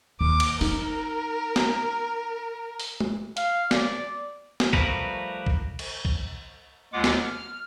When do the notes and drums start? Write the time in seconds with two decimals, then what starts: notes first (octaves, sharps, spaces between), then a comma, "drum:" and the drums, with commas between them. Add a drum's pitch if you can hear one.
0.21 D#2 D6
0.40 drum: cymbal
0.61 D#4 A#4, drum: open hi-hat
1.56 drum: snare
2.80 drum: open hi-hat
3.01 drum: tom
3.37 F5, drum: hi-hat
3.71 D5, drum: snare
4.60 drum: snare
4.73 F3 G3 A3 F#4 A#4 B4, drum: kick
5.46 drum: kick
5.79 drum: cymbal
6.05 drum: kick
6.93 D#2 G#3 F4 F#5 D6
7.04 drum: snare
7.23 F6